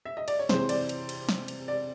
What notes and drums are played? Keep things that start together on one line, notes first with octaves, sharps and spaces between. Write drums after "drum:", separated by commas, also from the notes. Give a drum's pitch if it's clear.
E5
D#5
D5, drum: cymbal
C#5
C3 E3 G#3 C5, drum: snare
D5, drum: cymbal
drum: cymbal
drum: cymbal
drum: snare
drum: cymbal
D5